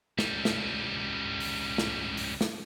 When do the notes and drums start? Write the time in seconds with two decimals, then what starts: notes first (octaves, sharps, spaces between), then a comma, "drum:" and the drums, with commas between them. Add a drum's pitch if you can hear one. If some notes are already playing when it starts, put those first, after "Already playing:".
0.19 C#2 G3, drum: snare
0.45 drum: snare
1.40 drum: open hi-hat
1.78 drum: snare
2.17 drum: open hi-hat
2.41 drum: snare